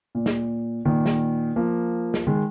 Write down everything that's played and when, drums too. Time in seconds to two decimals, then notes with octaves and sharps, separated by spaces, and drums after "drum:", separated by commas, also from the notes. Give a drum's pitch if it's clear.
0.15 A#2
0.26 drum: snare
0.85 A#2 D#3
1.06 drum: snare
1.56 F3 A#3
2.14 drum: snare
2.27 D#3 G#3